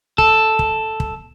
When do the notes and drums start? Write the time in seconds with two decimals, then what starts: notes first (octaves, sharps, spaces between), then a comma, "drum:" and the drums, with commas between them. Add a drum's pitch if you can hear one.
0.18 A4, drum: kick
0.59 drum: kick
1.00 drum: kick